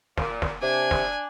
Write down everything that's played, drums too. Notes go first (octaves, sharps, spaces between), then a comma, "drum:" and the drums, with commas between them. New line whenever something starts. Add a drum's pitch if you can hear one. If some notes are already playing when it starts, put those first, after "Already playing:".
A#2, drum: snare
drum: snare
C3 D4 G#5
drum: snare